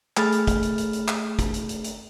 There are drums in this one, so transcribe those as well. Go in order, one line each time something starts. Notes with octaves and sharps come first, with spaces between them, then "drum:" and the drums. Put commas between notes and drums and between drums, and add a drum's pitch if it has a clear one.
A3 G#4 B5 F6 A6, drum: clap
drum: hi-hat
drum: kick, hi-hat
drum: hi-hat
drum: hi-hat
drum: hi-hat
drum: clap
drum: kick, hi-hat
drum: hi-hat
drum: hi-hat
drum: hi-hat